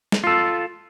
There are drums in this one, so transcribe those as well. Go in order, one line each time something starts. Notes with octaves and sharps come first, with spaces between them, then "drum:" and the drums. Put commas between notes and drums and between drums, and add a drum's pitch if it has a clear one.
drum: snare
F4 A4